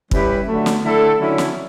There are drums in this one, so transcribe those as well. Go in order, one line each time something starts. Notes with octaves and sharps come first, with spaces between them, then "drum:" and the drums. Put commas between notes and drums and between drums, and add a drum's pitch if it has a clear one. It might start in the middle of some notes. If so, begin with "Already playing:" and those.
G3 C#4 E4 G4 B4, drum: kick
D3 F#3 A3
drum: snare
D3 A3 E4 A4
D3 F#3 C#4 E4
drum: snare